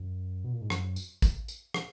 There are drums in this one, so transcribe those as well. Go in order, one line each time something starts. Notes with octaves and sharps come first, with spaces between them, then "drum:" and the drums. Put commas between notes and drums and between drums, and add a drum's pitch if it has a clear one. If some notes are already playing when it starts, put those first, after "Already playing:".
Already playing: F#2
B2
A#2
G#2
F#2, drum: rim click
drum: tambourine
drum: kick, tambourine
drum: tambourine
drum: rim click